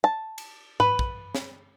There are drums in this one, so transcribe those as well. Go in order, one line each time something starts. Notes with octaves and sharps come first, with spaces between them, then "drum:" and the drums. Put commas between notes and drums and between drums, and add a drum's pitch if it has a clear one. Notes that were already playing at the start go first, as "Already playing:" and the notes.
A5
drum: cymbal
B4, drum: tom G#2
drum: kick
drum: snare